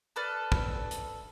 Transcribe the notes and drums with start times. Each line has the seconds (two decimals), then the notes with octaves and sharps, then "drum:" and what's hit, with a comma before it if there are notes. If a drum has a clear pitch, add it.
0.16 A4 B4 D5 F6
0.52 drum: kick
0.91 drum: hi-hat